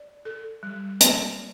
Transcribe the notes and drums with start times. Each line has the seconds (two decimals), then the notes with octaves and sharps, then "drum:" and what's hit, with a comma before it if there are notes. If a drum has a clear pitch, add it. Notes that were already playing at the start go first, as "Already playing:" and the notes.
Already playing: D5
0.25 A4
0.63 G3
1.01 A#3, drum: hi-hat